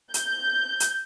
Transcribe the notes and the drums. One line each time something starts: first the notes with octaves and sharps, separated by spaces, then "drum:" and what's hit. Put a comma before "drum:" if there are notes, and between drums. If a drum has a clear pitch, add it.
G6, drum: hi-hat
drum: hi-hat